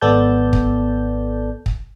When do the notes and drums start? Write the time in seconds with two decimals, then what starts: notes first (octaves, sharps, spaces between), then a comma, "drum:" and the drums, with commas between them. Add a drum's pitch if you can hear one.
0.01 G#1 B3 A4 D5 A5 G6
0.53 drum: kick
1.66 drum: kick